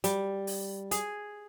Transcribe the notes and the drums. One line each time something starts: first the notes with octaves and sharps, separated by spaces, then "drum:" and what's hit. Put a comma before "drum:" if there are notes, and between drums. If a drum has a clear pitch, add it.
G3, drum: hi-hat
drum: open hi-hat
G#4, drum: hi-hat